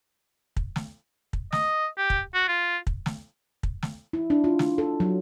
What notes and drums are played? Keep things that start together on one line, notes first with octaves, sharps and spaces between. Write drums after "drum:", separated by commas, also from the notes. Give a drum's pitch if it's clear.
drum: kick
drum: snare
drum: kick
D#5, drum: snare
G4
drum: kick
F#4
F4
drum: kick
drum: snare
drum: kick
drum: snare
E4
D4
F4
drum: snare
A4
F#3